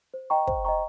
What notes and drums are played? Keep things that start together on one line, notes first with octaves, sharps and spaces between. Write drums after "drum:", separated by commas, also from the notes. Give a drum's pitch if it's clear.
C5
D#5 G5 A#5 C#6
C5, drum: kick
D#5 G5 A#5 C#6